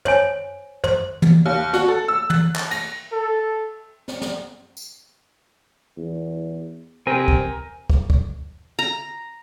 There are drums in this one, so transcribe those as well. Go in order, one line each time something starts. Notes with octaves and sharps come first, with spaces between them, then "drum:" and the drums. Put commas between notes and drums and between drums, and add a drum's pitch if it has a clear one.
C5 C#5 G#5, drum: tom
C5, drum: tom
drum: tom
D#2
F#4, drum: snare
A4
E6
F#6, drum: tom
drum: clap
A#6, drum: cymbal
A4
drum: snare
drum: snare
drum: tambourine
E2
C3 C4 A#4 G#5
drum: kick
drum: kick
drum: kick
A#5